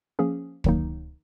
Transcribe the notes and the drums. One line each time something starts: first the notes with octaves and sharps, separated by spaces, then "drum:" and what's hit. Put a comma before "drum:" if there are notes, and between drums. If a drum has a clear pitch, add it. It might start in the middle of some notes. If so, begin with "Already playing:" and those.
F3 A#3 C#4 G#4
F2 D#3 F#3 A#3 D#4, drum: kick